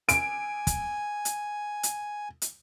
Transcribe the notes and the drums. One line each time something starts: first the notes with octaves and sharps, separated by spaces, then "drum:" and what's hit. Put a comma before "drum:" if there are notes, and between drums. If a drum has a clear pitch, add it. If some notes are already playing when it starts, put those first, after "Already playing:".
G#5 D7, drum: hi-hat
drum: kick, hi-hat
drum: hi-hat
drum: hi-hat
drum: hi-hat